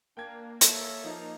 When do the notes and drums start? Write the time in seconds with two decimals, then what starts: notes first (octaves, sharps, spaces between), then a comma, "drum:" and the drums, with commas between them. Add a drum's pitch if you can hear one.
0.17 A#3 D4 G5 G#6
0.61 A4 C#5 E5, drum: hi-hat
1.04 F3 D#4